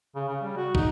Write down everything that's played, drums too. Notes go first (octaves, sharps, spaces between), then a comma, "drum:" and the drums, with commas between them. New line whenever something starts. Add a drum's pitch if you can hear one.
C#3
C#3
G3
F#4
D#4, drum: kick